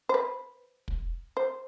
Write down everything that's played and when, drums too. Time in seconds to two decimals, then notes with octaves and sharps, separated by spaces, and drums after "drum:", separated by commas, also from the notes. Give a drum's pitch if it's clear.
0.09 C5
0.14 B4
0.88 drum: kick
1.37 C5